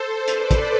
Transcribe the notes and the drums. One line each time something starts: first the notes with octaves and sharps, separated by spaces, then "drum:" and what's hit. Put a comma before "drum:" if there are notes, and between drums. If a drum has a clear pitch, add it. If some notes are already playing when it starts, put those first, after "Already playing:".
Already playing: A4 C5
B4 D5, drum: hi-hat
drum: kick, hi-hat